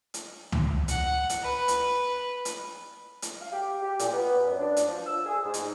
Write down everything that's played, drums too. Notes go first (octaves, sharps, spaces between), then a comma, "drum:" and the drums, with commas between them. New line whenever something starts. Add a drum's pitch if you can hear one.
drum: hi-hat
drum: tom C#2
F#5, drum: hi-hat
drum: hi-hat
B4
drum: hi-hat
drum: hi-hat
drum: hi-hat
F5
G4
G4
A#2, drum: hi-hat
B3
F#2
D4
drum: hi-hat
F3
E6
G#4
G#2
drum: hi-hat